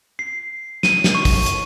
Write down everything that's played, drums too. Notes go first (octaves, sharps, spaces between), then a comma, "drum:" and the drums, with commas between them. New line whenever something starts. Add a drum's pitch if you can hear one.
C7
D#7, drum: snare
drum: snare
C#6
drum: kick, open hi-hat
drum: hi-hat